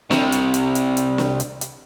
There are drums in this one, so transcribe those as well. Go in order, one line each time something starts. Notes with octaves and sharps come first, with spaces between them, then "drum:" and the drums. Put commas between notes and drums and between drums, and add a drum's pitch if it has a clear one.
C3 G3, drum: snare
drum: hi-hat
drum: hi-hat
drum: hi-hat
drum: hi-hat
drum: snare
drum: hi-hat
drum: hi-hat